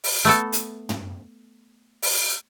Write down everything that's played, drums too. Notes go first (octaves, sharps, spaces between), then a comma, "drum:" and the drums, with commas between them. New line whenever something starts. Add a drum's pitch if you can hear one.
drum: open hi-hat
A3 B3 A4
drum: hi-hat
drum: tom
drum: open hi-hat